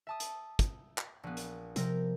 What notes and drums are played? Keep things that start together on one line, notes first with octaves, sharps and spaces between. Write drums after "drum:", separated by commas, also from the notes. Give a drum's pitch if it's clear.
E5 A5 D#6
drum: hi-hat
drum: kick, hi-hat
drum: clap
A#1 B3
drum: hi-hat
C3 F3 A#4 G6, drum: hi-hat